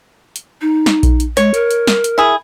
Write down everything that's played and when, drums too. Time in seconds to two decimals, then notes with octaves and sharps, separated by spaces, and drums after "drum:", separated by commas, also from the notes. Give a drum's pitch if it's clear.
0.36 drum: hi-hat
0.62 D#4
0.86 drum: snare
1.03 drum: kick A#1, hi-hat
1.20 drum: hi-hat
1.37 G#3 C#5, drum: hi-hat
1.54 A#4, drum: hi-hat
1.71 drum: hi-hat
1.87 drum: snare
2.04 drum: hi-hat
2.18 E4 G#4